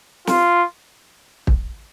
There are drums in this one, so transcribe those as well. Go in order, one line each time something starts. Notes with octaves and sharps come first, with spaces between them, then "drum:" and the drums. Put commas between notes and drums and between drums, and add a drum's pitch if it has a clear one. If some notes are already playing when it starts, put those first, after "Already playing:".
F4, drum: snare
drum: kick